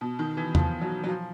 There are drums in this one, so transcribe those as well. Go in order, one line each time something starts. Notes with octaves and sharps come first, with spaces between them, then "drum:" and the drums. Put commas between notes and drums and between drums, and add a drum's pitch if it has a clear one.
B2
D#3
E3
F3, drum: tom E2
F#3
F#3
F3